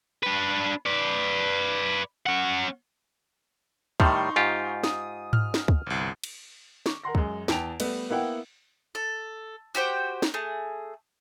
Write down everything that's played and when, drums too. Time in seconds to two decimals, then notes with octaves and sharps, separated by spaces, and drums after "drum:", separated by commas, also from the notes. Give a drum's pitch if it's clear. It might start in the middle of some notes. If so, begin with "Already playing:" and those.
0.23 D4 B4
0.86 B4 D5
2.27 C#4 F#5
4.00 A2 D#3 G3 D#4 C6 C#6, drum: kick
4.36 G#2 F4 G4
4.84 D#6, drum: snare
5.33 F6, drum: tom G#2
5.54 drum: snare
5.68 drum: kick
5.86 G1 C2
6.24 drum: cymbal
6.86 C#6 D6, drum: snare
7.04 A#4 F#5 C6 A#6
7.15 F#2 G#3, drum: kick
7.48 E2 G5 A5 D7 F7, drum: snare
7.80 G3 A3 B3, drum: cymbal
8.10 A#3 B3 E4 F#5 G5
8.95 A4
9.75 F#4 G4 C5 G5
10.22 drum: snare
10.34 A3 G#4